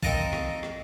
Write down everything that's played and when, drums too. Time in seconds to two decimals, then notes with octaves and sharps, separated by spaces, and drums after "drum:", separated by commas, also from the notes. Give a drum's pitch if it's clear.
0.03 C4 D#4 A#4 D#5 F5 A5, drum: kick A#1
0.33 drum: rim click
0.63 drum: rim click